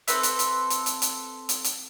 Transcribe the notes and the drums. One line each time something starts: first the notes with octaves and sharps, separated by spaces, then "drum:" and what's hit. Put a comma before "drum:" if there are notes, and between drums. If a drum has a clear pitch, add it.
C4 A4 B4 E5, drum: hi-hat
drum: hi-hat
drum: hi-hat
drum: hi-hat
drum: hi-hat
drum: hi-hat
drum: hi-hat
drum: hi-hat